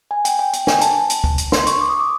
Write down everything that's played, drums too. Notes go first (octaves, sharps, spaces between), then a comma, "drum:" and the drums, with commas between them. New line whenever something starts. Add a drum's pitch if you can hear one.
G#5
G5, drum: hi-hat
G5
G5, drum: hi-hat
G#5, drum: snare
A5, drum: hi-hat
drum: hi-hat
drum: kick D2
drum: hi-hat
C6, drum: snare
C#6, drum: hi-hat
D6
D#6
D6